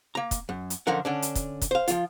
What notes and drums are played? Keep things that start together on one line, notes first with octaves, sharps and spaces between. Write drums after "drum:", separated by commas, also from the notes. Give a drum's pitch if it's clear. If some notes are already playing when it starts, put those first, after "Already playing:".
A#3 A#5
drum: kick, hi-hat
F#2
drum: hi-hat
F#2 D3 F3 C#4 A#4 F#5
D3 C#4 D4
drum: hi-hat
drum: kick, hi-hat
drum: kick, hi-hat
C5 F5
F3 F4, drum: hi-hat